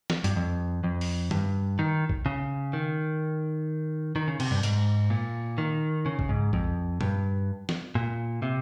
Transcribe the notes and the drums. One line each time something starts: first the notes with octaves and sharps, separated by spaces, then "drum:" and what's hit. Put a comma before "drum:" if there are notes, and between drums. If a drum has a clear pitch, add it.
drum: snare
G2, drum: hi-hat
F2
F2
drum: open hi-hat
G2, drum: tom
D#3
drum: kick A#1
C#3
D#3
D#3
C#3
C3, drum: cymbal
G2
G#2, drum: hi-hat
A#2
D#3
C#3
drum: kick A#1
G#2
F2, drum: kick A#1
G2, drum: tom A#2
drum: snare
A#2
C3